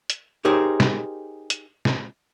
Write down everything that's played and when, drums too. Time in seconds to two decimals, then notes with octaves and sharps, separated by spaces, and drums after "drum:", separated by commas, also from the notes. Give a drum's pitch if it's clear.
0.10 drum: hi-hat
0.45 D#4 G4 G#4 A#4 C5 C#5
0.80 drum: snare
1.50 drum: hi-hat
1.85 drum: snare